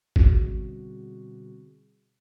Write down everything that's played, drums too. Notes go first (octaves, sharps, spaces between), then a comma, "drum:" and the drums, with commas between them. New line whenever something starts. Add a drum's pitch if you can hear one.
B2 D3 G3 C4 F#4 G#4, drum: kick